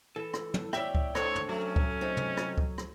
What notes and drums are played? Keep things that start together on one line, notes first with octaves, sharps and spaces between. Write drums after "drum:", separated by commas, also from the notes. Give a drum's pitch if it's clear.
E3 A4
drum: rim click
drum: tom
E2 C#5 D5 E5 G5, drum: rim click
drum: kick C#2
G#2 C4 D4 A4 C#5, drum: rim click
drum: tom
F#3 A3 C#4
drum: kick C#2
C4 D#4 G#4
drum: tom
drum: rim click
drum: kick C#2
drum: rim click